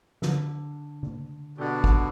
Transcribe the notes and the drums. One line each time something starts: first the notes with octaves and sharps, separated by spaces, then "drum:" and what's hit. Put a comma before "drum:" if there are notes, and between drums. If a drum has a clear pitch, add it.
D3, drum: snare
drum: tom C#3
B2 D3 G4 F#5
drum: kick